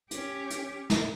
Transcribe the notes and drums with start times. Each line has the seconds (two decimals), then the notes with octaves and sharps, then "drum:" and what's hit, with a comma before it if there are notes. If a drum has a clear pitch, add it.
0.11 C#4 G4, drum: hi-hat
0.50 drum: hi-hat
0.90 drum: snare